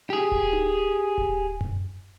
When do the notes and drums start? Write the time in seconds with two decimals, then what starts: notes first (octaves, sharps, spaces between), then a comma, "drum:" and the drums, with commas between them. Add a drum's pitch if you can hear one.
0.10 G4 G#4
0.32 drum: kick D1
0.53 drum: tom D#4
1.18 drum: kick D1
1.61 drum: tom F#2